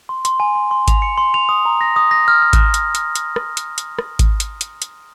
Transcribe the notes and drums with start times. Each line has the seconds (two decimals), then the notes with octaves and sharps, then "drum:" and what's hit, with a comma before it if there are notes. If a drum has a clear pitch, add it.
0.09 C6
0.25 C6, drum: hi-hat
0.40 G#5
0.55 C6
0.71 C6
0.88 F7, drum: kick G#1, hi-hat
1.02 C#7
1.18 C6
1.34 F7
1.49 D#6
1.65 A#5
1.81 A#6
1.96 D#6
2.11 A#6
2.28 F6
2.42 F6
2.53 drum: kick G#1, hi-hat
2.74 drum: hi-hat
2.95 drum: hi-hat
3.15 drum: hi-hat
3.36 drum: rim click
3.57 drum: hi-hat
3.78 drum: hi-hat
3.99 drum: rim click
4.19 drum: kick G#1, hi-hat
4.40 drum: hi-hat
4.61 drum: hi-hat
4.82 drum: hi-hat